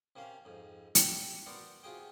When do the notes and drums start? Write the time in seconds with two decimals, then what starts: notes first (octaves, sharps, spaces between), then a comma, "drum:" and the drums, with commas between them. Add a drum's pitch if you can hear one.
0.16 C3 A#3 C#4 F5
0.45 F2 G#2
0.95 F#4 G4, drum: hi-hat
1.46 B3 A#4 C5 D5 F#5
1.83 C3 F4 F#4 G#4 G5